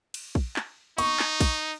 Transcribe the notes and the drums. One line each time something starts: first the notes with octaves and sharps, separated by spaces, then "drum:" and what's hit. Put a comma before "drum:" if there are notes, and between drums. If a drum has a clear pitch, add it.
drum: cymbal
drum: kick
drum: clap
D#4 C#6, drum: cymbal
drum: clap
drum: kick, cymbal